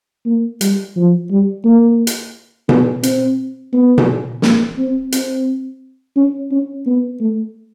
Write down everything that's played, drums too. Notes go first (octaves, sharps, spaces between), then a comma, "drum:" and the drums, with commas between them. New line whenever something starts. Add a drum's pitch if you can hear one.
A#3
G3, drum: hi-hat
F3
G3
A#3
drum: hi-hat
B3, drum: tom B2
C4, drum: hi-hat
B3
drum: tom B2
A#3, drum: snare
C4
C4, drum: hi-hat
C#4
C#4
B3
A3